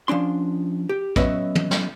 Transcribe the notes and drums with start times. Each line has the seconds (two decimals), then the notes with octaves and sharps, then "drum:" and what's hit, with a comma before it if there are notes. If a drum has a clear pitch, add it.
0.08 F3 C#4 D4 C6
0.89 G4
1.16 F#3 B3 C#4 B4 D#5 E5, drum: kick
1.55 drum: tom
1.71 drum: snare